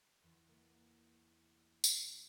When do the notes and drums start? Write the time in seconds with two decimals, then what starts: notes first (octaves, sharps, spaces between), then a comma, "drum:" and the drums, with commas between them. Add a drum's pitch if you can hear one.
0.23 E2
0.48 A#3
1.84 drum: tambourine